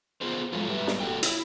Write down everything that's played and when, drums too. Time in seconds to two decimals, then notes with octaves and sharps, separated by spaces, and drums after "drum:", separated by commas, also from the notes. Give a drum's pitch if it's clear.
0.21 B3 F4 G#4 C5
0.52 F3 F#3 G#3 A3 F4
0.68 G#2 G3 G4 B4 E5
0.87 drum: snare
1.00 A#3 F#4 A4 G5
1.23 E4, drum: hi-hat